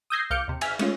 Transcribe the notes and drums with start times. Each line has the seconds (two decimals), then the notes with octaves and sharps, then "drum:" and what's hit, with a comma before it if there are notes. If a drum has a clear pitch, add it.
0.10 D#6 E6 G6 G#6 A#6 C7
0.30 C2 F5 D6 F6 G6 C#7
0.48 D#2 C3
0.61 E5 G#5 F6 B6, drum: cymbal
0.79 G#3 A3 C#4 F4, drum: cymbal